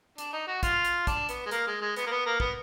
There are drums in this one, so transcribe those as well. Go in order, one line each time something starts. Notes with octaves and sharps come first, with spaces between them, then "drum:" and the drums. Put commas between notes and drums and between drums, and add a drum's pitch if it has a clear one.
D4, drum: hi-hat
D#4
F#4
F4, drum: kick, hi-hat
drum: hi-hat
D4, drum: kick, hi-hat
B3, drum: hi-hat
G#3
A#3, drum: hi-hat
G#3
G#3
B3, drum: hi-hat
A#3
B3
A#3
B3, drum: kick